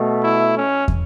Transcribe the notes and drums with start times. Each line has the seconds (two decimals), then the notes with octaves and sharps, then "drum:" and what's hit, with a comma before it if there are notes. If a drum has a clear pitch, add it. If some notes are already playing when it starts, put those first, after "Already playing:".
Already playing: B2 A3
0.22 E4
0.55 C#4
0.88 drum: kick